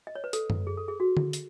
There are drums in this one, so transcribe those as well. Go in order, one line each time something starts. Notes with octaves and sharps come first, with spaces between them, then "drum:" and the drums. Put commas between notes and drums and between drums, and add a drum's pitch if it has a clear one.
D#5
C#5
B4
A4, drum: hi-hat
drum: tom F#2
G#4
A4
G#4
F#4
drum: tom D3
drum: hi-hat